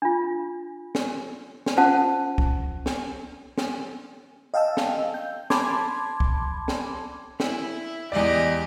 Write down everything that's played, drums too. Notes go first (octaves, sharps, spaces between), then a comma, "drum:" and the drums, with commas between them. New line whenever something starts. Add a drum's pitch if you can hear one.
D4 F4
drum: snare
drum: snare
C#4 F4 C5 F#5 A5
drum: kick
drum: snare
drum: snare
D#5 F5 G5 A5 E6
drum: snare
G6
A5 B5 C6 D6 G#6, drum: snare
drum: kick
drum: snare
E4, drum: snare
E2 G#3 G4 D5 D#5